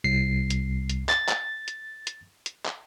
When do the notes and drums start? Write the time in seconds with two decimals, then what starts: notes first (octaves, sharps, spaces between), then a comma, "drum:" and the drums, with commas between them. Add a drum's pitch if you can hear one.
0.04 C2 C7
0.50 drum: hi-hat
0.90 drum: hi-hat
1.09 A6, drum: clap
1.29 drum: clap
1.68 drum: hi-hat
2.07 drum: hi-hat
2.46 drum: hi-hat
2.66 drum: clap